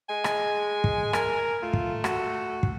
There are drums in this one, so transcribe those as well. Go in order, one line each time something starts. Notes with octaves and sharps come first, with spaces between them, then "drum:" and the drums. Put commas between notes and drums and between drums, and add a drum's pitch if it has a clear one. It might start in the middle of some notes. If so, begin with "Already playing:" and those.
G#3 G#5
drum: rim click
drum: kick
A#4, drum: rim click
A3 F4
drum: kick
F#4, drum: rim click
drum: kick